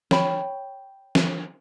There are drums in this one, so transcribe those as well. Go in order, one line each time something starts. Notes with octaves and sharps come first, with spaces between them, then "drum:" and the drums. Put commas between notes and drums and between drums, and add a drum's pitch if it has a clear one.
C#5 G5 B5, drum: snare
drum: snare